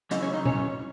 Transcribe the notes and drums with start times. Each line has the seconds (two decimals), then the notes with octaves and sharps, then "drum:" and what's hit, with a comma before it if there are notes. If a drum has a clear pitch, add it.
0.11 C#3 F#3 C#4 E4 D#5, drum: hi-hat
0.22 C#4 C#5
0.34 D#4 D#5
0.46 C#4 C#5, drum: tom